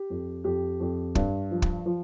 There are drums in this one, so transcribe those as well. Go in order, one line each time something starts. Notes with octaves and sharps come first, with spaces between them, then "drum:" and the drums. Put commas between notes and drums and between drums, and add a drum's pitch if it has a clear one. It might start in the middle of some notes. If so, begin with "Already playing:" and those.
Already playing: G4
F2
F2 G4
F2
G2, drum: kick
F3
drum: kick
F3